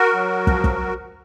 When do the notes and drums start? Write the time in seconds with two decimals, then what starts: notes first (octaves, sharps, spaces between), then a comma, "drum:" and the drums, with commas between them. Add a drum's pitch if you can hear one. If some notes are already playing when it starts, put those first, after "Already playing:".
Already playing: F#4 A#4
0.14 F#3
0.47 F3, drum: kick
0.64 drum: kick